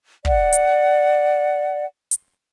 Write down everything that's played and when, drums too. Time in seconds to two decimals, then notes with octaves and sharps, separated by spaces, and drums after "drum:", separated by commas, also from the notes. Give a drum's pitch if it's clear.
0.25 D5 F#5, drum: kick
0.52 drum: hi-hat
2.11 drum: hi-hat